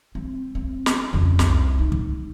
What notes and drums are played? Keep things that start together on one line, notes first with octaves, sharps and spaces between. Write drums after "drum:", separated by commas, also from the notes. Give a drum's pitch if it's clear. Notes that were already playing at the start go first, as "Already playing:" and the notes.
C4
C4
drum: snare
F2 C#3
C2, drum: snare
D#4
drum: kick